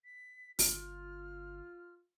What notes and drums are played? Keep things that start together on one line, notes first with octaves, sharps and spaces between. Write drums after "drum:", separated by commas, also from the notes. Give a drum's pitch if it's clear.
B6
G1 F4 F6, drum: open hi-hat